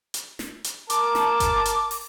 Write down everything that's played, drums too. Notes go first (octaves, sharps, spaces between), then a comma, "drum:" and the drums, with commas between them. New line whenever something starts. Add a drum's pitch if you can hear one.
drum: hi-hat
drum: snare
drum: hi-hat
A#4 A5 D6, drum: hi-hat
drum: snare
drum: kick G1, hi-hat
drum: hi-hat
drum: open hi-hat